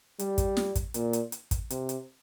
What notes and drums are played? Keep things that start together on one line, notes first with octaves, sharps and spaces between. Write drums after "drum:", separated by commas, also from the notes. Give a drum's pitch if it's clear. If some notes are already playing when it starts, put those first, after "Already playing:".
G3, drum: hi-hat
drum: kick, hi-hat
drum: snare
drum: kick, hi-hat
A#2, drum: hi-hat
drum: hi-hat
drum: hi-hat
drum: kick, hi-hat
C3, drum: hi-hat
drum: hi-hat